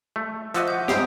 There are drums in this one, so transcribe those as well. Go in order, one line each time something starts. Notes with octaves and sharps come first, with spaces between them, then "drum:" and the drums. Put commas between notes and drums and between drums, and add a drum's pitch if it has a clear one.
A3
F3 F#4 D#5 E5 D6 E6, drum: hi-hat
F#5 G6
G#2 G4 D#6 C7 D7, drum: snare